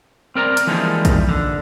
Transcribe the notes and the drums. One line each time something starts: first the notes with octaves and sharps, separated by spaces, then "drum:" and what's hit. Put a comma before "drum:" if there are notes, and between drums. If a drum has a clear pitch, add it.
C4 A#4 D5 A#5
drum: hi-hat
E3 F3 G3 G#3 A#3 D#4
drum: kick A#1, hi-hat
D3